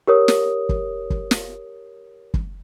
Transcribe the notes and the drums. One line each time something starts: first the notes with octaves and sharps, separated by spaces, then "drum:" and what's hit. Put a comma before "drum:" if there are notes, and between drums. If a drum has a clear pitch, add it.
G4 A#4 C#5 D#6
drum: snare
drum: kick
drum: kick
drum: snare
drum: kick